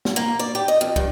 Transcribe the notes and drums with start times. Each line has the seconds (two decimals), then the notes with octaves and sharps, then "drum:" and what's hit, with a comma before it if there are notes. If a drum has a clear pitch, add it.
0.05 drum: snare
0.16 A#3
0.39 D5
0.55 G4
0.68 D#5
0.81 F2
0.96 G2, drum: kick